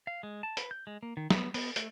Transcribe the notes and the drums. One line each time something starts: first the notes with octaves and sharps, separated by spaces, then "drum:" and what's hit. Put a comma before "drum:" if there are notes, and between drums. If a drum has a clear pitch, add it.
F5
G#3
A5
B4, drum: hi-hat
G6
G#3
A#3
D#3
B3, drum: snare
B3, drum: open hi-hat
A3, drum: hi-hat